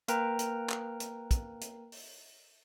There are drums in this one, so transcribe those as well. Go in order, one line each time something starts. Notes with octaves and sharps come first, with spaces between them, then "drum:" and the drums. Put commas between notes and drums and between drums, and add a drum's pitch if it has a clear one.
A#3 A#4 B4 G5 A#5, drum: hi-hat
drum: hi-hat
drum: clap
drum: hi-hat
drum: kick, hi-hat
drum: hi-hat
drum: open hi-hat